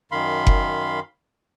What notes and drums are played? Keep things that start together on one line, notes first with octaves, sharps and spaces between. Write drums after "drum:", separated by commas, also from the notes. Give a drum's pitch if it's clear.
F#2 D#3 F5 B5 C6
drum: kick F#1